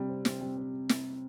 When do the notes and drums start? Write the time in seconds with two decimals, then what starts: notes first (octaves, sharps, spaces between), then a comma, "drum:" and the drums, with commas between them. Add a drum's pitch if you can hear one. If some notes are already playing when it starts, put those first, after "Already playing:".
Already playing: C3 G3
0.09 C4
0.25 C4, drum: snare
0.41 G3
0.57 C4
0.89 drum: snare